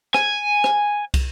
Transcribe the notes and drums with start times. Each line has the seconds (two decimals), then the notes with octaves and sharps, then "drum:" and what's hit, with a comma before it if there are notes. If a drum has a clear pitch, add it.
0.14 G#5, drum: rim click
0.64 drum: rim click
1.14 drum: kick, cymbal